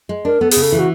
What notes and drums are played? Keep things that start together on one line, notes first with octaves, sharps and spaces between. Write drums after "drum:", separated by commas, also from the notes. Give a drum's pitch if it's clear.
G#3
D4 A#4
B3 A4
G#4, drum: open hi-hat
C#3
A4
E3
F#4